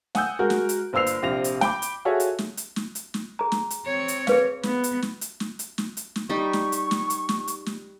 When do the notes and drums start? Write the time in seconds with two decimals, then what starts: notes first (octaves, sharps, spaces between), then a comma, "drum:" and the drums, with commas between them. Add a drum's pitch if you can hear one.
0.15 F#5 G#5 D#6 E6 G6, drum: snare
0.39 G#3 F#4 A#4
0.50 drum: snare
0.69 drum: hi-hat
0.93 G1 A#3 C5 E6 C7 F7
1.07 drum: hi-hat
1.22 A#1 C3 F4 A#6 F7
1.44 drum: hi-hat
1.61 G5 B5 D6, drum: snare
1.82 drum: hi-hat
2.05 F4 F#4 G#4 A4 C#5 E5
2.20 drum: hi-hat
2.39 drum: snare
2.57 drum: hi-hat
2.76 drum: snare
2.95 drum: hi-hat
3.14 drum: snare
3.39 G#4 A#5
3.52 drum: snare
3.70 drum: hi-hat
3.85 C4 C#5
4.08 drum: hi-hat
4.27 G#4 B4 F5, drum: snare
4.63 B3, drum: snare
4.84 drum: hi-hat
5.02 drum: snare
5.21 drum: hi-hat
5.40 drum: snare
5.59 drum: hi-hat
5.78 drum: snare
5.97 drum: hi-hat
6.16 drum: snare
6.29 G3 D#4 C#6
6.53 drum: snare
6.72 drum: hi-hat
6.91 drum: snare
7.10 drum: hi-hat
7.29 drum: snare
7.48 drum: hi-hat
7.66 drum: snare